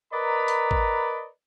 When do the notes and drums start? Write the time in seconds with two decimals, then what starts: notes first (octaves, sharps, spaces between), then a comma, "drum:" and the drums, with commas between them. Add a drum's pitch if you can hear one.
0.12 A#4 B4 D5 D#5 A#5 B5
0.48 drum: hi-hat
0.71 drum: kick